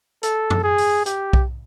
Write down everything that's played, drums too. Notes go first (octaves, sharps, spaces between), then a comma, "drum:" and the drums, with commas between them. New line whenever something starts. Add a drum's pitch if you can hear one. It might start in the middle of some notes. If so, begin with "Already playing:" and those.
A4, drum: hi-hat
drum: tom F#2
G#4
drum: open hi-hat
G4, drum: hi-hat
drum: kick B1